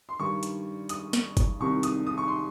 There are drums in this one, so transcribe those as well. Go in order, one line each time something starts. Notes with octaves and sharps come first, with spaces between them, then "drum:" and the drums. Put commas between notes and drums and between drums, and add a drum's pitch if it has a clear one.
C6
G2 D#3 C#6
drum: hi-hat
D#6, drum: hi-hat
drum: snare
drum: kick G1, hi-hat
C2 C3 D#3 C#6
D#6, drum: hi-hat
D#6
C#6
C6